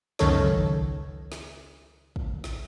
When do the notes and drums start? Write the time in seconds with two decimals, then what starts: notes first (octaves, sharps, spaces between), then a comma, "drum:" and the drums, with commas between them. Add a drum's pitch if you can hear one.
0.19 C#2 F#2 D#3 A4 C#5, drum: snare
0.47 drum: kick
1.32 drum: snare
2.16 drum: kick
2.44 drum: snare